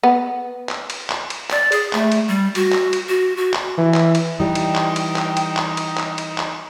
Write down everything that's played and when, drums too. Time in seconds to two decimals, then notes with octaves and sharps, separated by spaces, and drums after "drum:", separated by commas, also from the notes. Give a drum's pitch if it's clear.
0.03 B3
0.69 drum: clap
0.90 drum: cymbal
1.10 drum: clap
1.30 drum: cymbal
1.51 D5, drum: clap
1.72 G#4, drum: cymbal
1.93 A3, drum: clap
2.12 drum: cymbal
2.28 G3
2.55 F#4, drum: cymbal
2.73 drum: clap
2.93 drum: cymbal
3.09 F#4
3.37 F#4
3.54 drum: clap
3.78 E3
3.94 drum: clap
4.15 drum: cymbal
4.40 E3 G3 D#4 G5
4.55 drum: cymbal
4.76 drum: clap
4.96 drum: cymbal
5.16 drum: clap
5.37 drum: cymbal
5.57 drum: clap
5.77 drum: cymbal
5.98 drum: clap
6.18 drum: cymbal
6.38 drum: clap